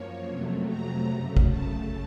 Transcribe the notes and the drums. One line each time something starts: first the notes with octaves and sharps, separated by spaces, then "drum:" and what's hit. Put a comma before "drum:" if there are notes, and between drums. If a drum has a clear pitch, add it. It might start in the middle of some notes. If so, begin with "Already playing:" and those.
Already playing: F#2 F3 A#3 C#5
F2 C3 F#3 A3
A#5
F#2 C#3 A3
drum: kick A1
A5